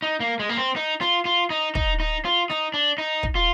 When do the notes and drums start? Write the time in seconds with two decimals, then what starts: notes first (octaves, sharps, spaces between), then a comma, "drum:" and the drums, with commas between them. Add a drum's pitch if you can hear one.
0.02 D#4
0.20 A#3
0.39 G#3
0.49 A#3
0.57 C4
0.76 D#4
1.01 F4, drum: rim click
1.25 F4
1.50 D#4
1.75 D#4, drum: kick
2.00 D#4
2.25 F4
2.50 D#4, drum: rim click
2.74 D4
2.98 D#4
3.23 drum: kick
3.35 F4